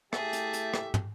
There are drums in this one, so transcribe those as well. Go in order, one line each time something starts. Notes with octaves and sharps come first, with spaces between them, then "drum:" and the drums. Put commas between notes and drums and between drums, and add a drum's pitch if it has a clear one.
A3 E4 G4 G#4 E5 A5, drum: rim click
drum: hi-hat
drum: hi-hat
drum: rim click
drum: tom